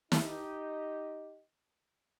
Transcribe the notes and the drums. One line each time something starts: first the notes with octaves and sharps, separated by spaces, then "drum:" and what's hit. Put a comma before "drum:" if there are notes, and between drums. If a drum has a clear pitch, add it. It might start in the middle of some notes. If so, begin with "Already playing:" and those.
D#4 G4 D#5, drum: snare